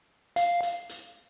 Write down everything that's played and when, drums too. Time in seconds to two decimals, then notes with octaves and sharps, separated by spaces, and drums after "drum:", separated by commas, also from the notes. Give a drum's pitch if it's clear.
0.36 F5, drum: hi-hat
0.63 drum: hi-hat
0.89 drum: hi-hat